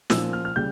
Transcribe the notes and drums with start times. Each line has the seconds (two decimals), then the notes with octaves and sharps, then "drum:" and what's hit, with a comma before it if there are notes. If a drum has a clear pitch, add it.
0.10 A#2 F3 C#4 F4 E6, drum: snare
0.33 F6
0.45 F6
0.56 C#3 G3 G6